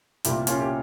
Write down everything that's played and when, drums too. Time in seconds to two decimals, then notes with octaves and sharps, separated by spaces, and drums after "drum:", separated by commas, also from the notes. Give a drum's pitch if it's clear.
0.25 C2 A#2 E4 G4, drum: hi-hat
0.47 C#4 F4, drum: hi-hat
0.59 G4